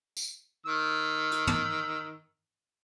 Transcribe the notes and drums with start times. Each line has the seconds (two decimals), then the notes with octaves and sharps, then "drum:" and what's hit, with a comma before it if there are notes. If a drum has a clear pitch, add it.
0.17 drum: tambourine
0.66 D#3 E6
1.31 drum: hi-hat
1.47 drum: tom